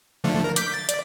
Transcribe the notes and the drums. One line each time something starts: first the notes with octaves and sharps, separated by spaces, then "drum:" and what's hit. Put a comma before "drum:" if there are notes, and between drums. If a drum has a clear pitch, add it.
D3 F3 A3
A#4
D6 G6 B6, drum: hi-hat
A6
D5, drum: hi-hat